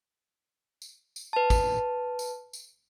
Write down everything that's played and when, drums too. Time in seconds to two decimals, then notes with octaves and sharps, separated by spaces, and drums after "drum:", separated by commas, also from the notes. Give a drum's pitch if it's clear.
0.82 drum: tambourine
1.16 drum: tambourine
1.33 B4 A5
1.50 drum: kick G#1, tambourine
2.19 drum: tambourine
2.53 drum: tambourine